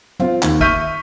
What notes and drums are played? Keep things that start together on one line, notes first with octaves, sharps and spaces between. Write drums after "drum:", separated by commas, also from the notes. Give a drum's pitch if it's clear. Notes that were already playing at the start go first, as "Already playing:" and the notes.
C4 F4 C5, drum: tom
D#2, drum: clap
E5 C#6 F6 G6 B6 D#7, drum: kick